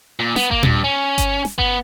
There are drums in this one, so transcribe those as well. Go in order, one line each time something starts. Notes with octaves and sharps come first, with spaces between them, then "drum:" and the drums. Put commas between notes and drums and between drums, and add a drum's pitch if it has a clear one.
A#2
B3, drum: snare
A#3, drum: kick G1
G2, drum: tom A#2
C#4
drum: kick G1, hi-hat
drum: snare
B3, drum: kick G1